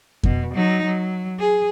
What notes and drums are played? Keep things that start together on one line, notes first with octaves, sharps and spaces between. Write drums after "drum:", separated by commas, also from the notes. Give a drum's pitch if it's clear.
B2, drum: kick F2
F#3 D#4
F#3
G#4